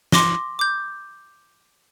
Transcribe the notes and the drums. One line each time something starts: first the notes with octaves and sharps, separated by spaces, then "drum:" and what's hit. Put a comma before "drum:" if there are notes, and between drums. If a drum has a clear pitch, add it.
C6 D6 A#6 G7, drum: snare
D6 G6